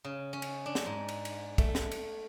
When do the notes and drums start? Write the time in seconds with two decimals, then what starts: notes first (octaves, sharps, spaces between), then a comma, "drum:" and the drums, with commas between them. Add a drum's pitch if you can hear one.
0.04 C#3
0.33 C#4
0.42 drum: cymbal
0.66 D4
0.75 drum: snare
0.86 G#2
1.08 drum: cymbal
1.25 drum: cymbal
1.58 A3, drum: kick, cymbal
1.75 drum: snare
1.91 drum: cymbal